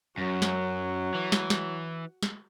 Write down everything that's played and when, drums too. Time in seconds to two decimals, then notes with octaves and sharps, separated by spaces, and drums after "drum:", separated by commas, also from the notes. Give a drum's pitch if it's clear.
0.18 F#2 F#3
0.42 drum: snare
1.14 E3
1.32 drum: snare
1.50 drum: snare
2.23 drum: snare